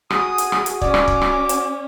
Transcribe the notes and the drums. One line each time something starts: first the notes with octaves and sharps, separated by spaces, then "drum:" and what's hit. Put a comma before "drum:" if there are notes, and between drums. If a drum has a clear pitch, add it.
F#4 G#4 D#6, drum: rim click
drum: hi-hat
drum: rim click
drum: hi-hat
C#4 D5 D6, drum: kick
drum: rim click
drum: kick
drum: rim click
drum: hi-hat